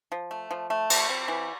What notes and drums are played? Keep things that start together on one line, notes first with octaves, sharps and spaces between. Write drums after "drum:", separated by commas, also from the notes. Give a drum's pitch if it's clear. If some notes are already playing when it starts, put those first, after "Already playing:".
F3
A3
F3
A3
F3, drum: cymbal
C4
E3